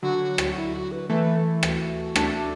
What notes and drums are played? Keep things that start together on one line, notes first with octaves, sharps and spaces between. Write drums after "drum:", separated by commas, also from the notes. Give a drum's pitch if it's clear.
D3 F#3 F#4
drum: rim click
E4
F#4
B4
E3 A3 B4
A4
F#4, drum: rim click
A3 D4, drum: rim click